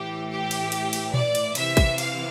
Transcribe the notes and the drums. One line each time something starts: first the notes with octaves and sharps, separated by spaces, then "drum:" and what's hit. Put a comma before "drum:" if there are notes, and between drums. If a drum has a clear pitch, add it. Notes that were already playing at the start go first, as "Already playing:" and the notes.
Already playing: A2 E3 G4
G4
drum: cymbal
drum: cymbal
drum: cymbal
D5, drum: tom A#2
drum: cymbal
C3 E3 E5, drum: cymbal
drum: kick, cymbal
F5, drum: cymbal